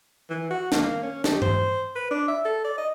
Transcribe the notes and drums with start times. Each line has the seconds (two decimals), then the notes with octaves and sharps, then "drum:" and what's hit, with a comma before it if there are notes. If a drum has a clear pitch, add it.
0.30 E3
0.50 F#4
0.72 A#3, drum: snare
1.03 C#4
1.24 G4, drum: snare
1.42 C5, drum: tom G2
1.96 B4
2.11 D4
2.28 E5
2.45 A4
2.64 D5
2.78 D#5